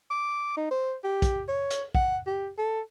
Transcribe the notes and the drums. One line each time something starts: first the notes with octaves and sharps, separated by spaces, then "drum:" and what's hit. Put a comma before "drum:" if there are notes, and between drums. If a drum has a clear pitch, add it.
D6
D#4
C5
G4
drum: kick, hi-hat
C#5
drum: hi-hat
F#5, drum: kick
G4
A4